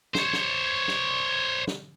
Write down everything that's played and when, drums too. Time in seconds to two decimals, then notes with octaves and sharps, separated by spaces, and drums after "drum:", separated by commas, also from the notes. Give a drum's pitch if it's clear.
0.15 C5 C#5, drum: snare
0.33 drum: snare
0.88 drum: snare
1.67 drum: snare